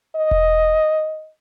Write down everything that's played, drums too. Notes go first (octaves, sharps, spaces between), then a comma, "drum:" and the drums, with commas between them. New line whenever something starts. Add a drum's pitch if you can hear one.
D#5
drum: kick E1